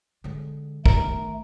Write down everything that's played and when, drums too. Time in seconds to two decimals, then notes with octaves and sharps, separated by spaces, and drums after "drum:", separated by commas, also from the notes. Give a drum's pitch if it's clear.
0.24 D3 G#3
0.86 D#3 A3 B3 A#4, drum: kick